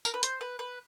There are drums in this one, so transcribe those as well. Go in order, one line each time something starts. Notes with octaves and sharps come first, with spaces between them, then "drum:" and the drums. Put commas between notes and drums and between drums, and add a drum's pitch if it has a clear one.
A#4, drum: tambourine
B4
C5, drum: hi-hat
B4
B4